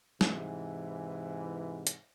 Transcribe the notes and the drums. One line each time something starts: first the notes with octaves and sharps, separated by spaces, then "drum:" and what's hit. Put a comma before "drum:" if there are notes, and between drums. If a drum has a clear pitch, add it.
G#2 C3 E3, drum: snare
drum: hi-hat